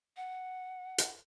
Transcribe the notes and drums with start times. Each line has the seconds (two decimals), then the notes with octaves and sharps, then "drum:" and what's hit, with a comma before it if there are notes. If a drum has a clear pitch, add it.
0.17 F#5
0.98 drum: hi-hat